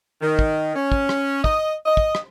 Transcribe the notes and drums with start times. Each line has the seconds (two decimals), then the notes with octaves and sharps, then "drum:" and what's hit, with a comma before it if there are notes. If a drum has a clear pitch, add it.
0.21 D#3
0.39 drum: kick
0.75 C#4
0.92 drum: kick
1.09 drum: rim click
1.44 D#5, drum: kick
1.85 D#5
1.97 drum: kick
2.15 drum: rim click